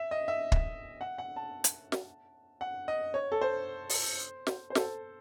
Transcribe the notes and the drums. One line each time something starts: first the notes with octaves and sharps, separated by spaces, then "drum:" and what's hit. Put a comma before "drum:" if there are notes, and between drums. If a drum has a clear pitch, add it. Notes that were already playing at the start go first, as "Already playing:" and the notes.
Already playing: E5
D#5
E5
drum: kick
F#5
F#5
A5
drum: hi-hat
drum: snare
F#5
D#5
C#5
A4
C5
drum: open hi-hat
drum: snare
C5
A4, drum: snare